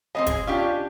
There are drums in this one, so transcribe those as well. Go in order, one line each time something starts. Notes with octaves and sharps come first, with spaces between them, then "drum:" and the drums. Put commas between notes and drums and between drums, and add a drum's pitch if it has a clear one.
G#3 B3 C4 D#5
G#4, drum: kick, hi-hat
C#4 D4 F4 G4